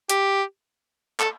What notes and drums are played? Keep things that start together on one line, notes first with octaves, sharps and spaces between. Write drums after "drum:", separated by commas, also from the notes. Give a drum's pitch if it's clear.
G4, drum: hi-hat
A4, drum: clap